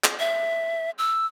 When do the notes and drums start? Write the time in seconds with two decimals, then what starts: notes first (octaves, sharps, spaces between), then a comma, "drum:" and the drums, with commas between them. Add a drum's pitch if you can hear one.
0.04 drum: clap
0.20 E5
0.98 E6